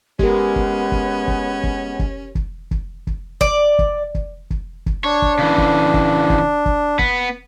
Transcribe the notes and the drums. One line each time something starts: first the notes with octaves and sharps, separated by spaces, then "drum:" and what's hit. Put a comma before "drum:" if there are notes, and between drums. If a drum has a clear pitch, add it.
G#3 B3 C#4 G4 A#4, drum: kick
drum: kick
drum: kick
drum: kick
drum: kick
drum: kick
drum: kick
drum: kick
drum: kick
D5, drum: kick
drum: kick
drum: kick
drum: kick
drum: kick
D4 C#5
drum: kick
C#3 E3
drum: kick
drum: kick
drum: kick
drum: kick
B3, drum: kick